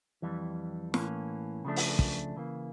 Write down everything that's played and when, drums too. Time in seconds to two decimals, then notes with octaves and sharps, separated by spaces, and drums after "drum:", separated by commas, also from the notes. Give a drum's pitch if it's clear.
0.22 F2 E3 G3
0.94 A2 E3 A#3 C#4, drum: snare
1.65 C#3 F3 A3 D4
1.76 drum: open hi-hat
1.99 drum: kick
2.36 C#3 E3 A#3